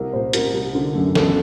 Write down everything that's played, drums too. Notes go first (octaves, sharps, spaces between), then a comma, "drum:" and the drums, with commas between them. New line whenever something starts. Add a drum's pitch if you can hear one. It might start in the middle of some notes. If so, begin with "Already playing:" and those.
Already playing: C2 A#4
A#2 C5
C2 A#4, drum: hi-hat
C2
D3
F#2
F#1 A4, drum: snare